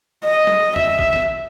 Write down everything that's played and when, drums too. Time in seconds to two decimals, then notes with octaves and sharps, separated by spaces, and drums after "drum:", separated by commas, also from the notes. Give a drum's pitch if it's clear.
0.25 D#5
0.47 drum: tom F#3
0.76 E5, drum: tom E2
0.99 drum: kick
1.13 drum: snare